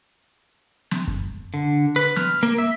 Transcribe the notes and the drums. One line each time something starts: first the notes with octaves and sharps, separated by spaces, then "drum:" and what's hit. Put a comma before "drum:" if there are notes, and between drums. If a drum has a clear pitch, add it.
drum: snare
drum: kick F#2
D3
B4
F6, drum: snare
A#3
E5